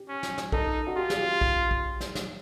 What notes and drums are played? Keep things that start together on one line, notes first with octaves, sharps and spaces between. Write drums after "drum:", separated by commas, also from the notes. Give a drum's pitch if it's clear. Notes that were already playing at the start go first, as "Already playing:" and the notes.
Already playing: G4
C#4
drum: snare
drum: snare
D#4 A4, drum: kick A#1
F#4
F4 G4
G#4, drum: snare
G4
drum: kick A#1
drum: kick A#1
drum: snare
drum: snare